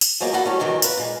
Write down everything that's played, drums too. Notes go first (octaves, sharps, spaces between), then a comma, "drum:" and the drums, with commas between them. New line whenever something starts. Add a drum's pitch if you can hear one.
drum: tambourine
F3 F#3 G#3 A#3 B3
A#3 D4 E4 F#4 A4 F#5
F#3 G3 A3 C#4
C3 D#3 E3 F#3 G#3
F4 A#4 B4, drum: tambourine
A#2 G#3